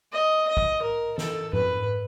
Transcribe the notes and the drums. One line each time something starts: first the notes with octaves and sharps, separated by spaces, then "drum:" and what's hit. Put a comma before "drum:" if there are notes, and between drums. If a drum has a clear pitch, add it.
D#5
D#5
drum: kick
A#4
A4, drum: snare
B4, drum: tom G#2